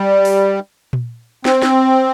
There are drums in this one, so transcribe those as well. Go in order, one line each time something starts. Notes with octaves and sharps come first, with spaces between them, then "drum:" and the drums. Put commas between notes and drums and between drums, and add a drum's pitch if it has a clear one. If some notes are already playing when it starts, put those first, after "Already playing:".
Already playing: G3
drum: open hi-hat
drum: tom A#2
C4, drum: snare
drum: snare